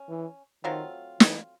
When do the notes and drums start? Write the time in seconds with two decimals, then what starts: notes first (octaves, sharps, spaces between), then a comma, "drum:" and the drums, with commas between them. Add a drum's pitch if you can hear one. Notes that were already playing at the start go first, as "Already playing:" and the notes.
Already playing: C#4
0.09 E3
0.64 D#3 F#3 A3 C4 F4
1.20 E3, drum: snare